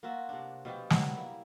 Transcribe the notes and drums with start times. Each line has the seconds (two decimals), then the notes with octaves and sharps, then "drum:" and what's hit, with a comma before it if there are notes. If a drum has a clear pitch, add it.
0.03 A#3 F4 F#4 E5
0.29 C3 D4
0.65 B2 F3 G4
0.90 F#3 G3 D#4, drum: snare
1.13 A#3 E4